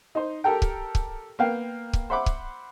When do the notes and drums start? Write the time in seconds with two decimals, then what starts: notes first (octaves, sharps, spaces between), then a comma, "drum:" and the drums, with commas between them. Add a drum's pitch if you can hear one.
0.15 D#4 C5
0.44 G4 A4 A#4 G5
0.62 drum: kick C#1
0.95 drum: kick C#1
1.39 A#3 B3 F5 G5
1.93 drum: kick C#1
2.10 C5 E5 F#5 B5 D6
2.26 drum: kick C#1